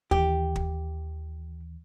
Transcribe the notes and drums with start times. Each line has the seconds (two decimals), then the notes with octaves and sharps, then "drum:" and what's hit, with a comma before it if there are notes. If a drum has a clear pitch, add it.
0.11 D#2 E3 G4, drum: kick
0.56 drum: kick